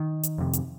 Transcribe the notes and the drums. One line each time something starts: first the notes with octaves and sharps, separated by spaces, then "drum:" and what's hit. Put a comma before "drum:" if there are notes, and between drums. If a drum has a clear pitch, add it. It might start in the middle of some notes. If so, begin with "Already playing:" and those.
Already playing: D#3
drum: hi-hat
F2 C3
drum: hi-hat